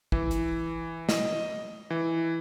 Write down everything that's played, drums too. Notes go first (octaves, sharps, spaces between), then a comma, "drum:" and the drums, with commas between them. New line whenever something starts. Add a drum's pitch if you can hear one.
E3, drum: kick
drum: hi-hat
D#5, drum: snare
E3